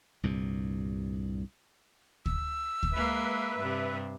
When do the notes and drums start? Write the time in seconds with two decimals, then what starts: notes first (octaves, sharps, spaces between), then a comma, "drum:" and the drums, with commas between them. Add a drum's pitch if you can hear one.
0.23 C2 G2 A#2
2.26 E6, drum: kick
2.83 drum: kick
2.93 G#3 A#3 B4 E5
3.58 G2 C3